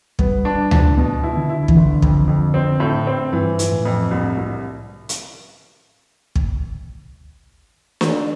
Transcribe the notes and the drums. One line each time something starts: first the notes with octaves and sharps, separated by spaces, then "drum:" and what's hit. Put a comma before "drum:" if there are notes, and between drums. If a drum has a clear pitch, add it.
G3 B3, drum: kick
D4
D4, drum: tom D2
B2 B3
E4
D3
E4
E3, drum: kick
G1 D3
F2, drum: kick
F2
C4
A2
C4
G2 E3
E3, drum: hi-hat
A2
F2
C2
C2
drum: hi-hat
drum: kick
drum: snare